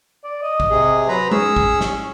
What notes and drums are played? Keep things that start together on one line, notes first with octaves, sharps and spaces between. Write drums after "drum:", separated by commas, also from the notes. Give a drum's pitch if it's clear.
D5
D#5
drum: kick A1
C3 G#4
F#3 B4 C5 A#5
C#4 G#4 E6, drum: tom G#3
drum: kick A1
drum: snare